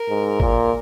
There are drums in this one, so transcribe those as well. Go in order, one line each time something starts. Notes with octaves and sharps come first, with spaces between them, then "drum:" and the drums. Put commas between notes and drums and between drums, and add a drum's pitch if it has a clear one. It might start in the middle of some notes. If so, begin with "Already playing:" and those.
Already playing: A#4
G#2
A#2, drum: kick G#1